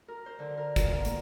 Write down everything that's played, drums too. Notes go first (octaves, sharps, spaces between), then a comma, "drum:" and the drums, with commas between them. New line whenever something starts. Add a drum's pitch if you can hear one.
A#4
C5
D3
A#4
F4, drum: kick, hi-hat
A#4
A#3, drum: hi-hat